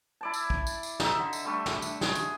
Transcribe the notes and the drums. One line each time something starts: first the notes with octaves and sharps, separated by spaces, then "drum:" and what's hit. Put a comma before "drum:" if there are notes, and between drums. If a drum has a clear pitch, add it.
E4 D5 A5
drum: tambourine
drum: kick
drum: tambourine
drum: tambourine
D#4 E5, drum: snare
D3
drum: tambourine
G3 A3 D4
drum: snare
drum: tambourine
G#4, drum: snare
drum: tambourine